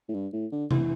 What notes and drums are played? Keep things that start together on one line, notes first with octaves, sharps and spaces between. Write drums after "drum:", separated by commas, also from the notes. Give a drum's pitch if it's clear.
A2
G2
A2
D3
E3, drum: tom C3